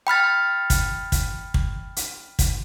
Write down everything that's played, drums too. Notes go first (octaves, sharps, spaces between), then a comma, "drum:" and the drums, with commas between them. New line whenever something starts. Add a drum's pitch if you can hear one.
G5 B5 F6 A6
drum: kick, hi-hat
drum: kick, hi-hat
drum: kick
drum: hi-hat
drum: kick, hi-hat